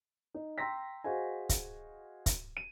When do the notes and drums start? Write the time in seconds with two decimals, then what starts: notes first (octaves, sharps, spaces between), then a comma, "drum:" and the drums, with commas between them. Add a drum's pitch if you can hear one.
0.34 D#4
0.58 G5 A#5 C6 E6 A#6 B6
1.04 F#4 G#4 C5 D#5 F5 G#5
1.49 drum: kick, hi-hat
2.26 drum: kick, hi-hat
2.57 D#7